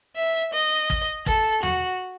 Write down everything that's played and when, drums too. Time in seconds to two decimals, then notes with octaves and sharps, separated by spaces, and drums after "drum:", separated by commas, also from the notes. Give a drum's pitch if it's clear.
0.16 E5
0.53 D#5
0.90 drum: kick
1.26 A4, drum: kick
1.63 F#4, drum: tom E2